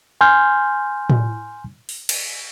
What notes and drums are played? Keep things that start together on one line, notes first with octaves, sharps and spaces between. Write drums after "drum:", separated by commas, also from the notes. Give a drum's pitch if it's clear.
G#5 C6 F6 G6
drum: tom A2
drum: open hi-hat
drum: cymbal